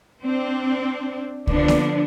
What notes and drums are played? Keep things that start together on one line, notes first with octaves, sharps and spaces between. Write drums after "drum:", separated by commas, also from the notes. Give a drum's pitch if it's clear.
C4 D4
D3 F3 B3 D4, drum: kick C2
drum: snare A#3